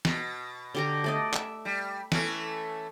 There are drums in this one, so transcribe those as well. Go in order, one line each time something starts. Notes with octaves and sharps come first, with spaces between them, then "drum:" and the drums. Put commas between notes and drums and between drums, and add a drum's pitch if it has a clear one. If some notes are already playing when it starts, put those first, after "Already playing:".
B2, drum: snare
D3 G4 A#5
A3 D5 D#5
E5, drum: clap
G3
E3 A3 C#4, drum: snare